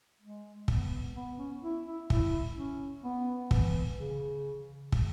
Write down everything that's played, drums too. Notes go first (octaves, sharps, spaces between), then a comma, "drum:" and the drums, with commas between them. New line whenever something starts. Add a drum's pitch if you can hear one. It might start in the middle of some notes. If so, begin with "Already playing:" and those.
G#3
B3, drum: kick
B3
C#4
E4
E4
E4, drum: kick
C#4
B3
E3, drum: kick
C#3
drum: kick